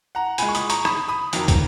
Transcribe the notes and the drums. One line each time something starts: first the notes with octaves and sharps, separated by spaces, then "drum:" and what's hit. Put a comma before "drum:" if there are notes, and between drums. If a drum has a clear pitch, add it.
F#5 A#5
A#2 G#3 G#5 B5, drum: hi-hat
C#6
B5 D#6, drum: hi-hat
A#5 C#6, drum: hi-hat
B5 D#6, drum: rim click
B5 D#6
F2 D#3 F#3 A#3, drum: hi-hat
drum: kick, hi-hat